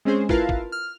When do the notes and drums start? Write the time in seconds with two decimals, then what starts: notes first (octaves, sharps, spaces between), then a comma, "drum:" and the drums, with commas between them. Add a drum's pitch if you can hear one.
0.05 G#3 C4 C#4 G#4 C5
0.29 E4 F4 A#4 B4 F5 A5, drum: kick
0.49 drum: kick
0.72 F6